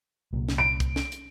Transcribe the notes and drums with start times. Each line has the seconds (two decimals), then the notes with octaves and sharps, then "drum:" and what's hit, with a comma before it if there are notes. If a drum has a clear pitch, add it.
0.33 C2 A#2
0.49 drum: snare
0.58 D7
0.80 drum: kick, hi-hat
0.96 drum: snare
1.12 drum: hi-hat